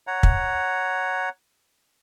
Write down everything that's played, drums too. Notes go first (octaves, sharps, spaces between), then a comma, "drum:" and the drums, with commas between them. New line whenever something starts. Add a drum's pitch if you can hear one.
C#5 F#5 A#5
drum: kick